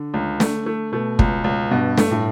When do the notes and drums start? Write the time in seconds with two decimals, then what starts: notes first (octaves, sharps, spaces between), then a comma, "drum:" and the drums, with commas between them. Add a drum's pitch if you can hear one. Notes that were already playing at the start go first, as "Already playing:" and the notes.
Already playing: D3
0.14 C#2
0.40 A3, drum: snare
0.66 A3
0.92 B2 A3
1.19 C#2, drum: kick
1.44 C#2
1.71 G2 B2
1.98 A3, drum: snare
2.11 A2